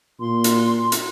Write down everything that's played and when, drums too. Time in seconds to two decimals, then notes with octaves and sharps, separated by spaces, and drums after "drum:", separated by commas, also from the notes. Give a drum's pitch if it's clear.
0.20 A#2 C6
0.44 drum: hi-hat
0.92 drum: hi-hat